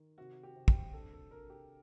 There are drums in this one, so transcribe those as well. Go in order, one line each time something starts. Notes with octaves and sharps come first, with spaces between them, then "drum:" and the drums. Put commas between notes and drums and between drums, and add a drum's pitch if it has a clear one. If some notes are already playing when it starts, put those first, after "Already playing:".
Already playing: D#3
C3 F#4
G4
C3
G4, drum: kick
D4 A4
A4
D4 A#4
G4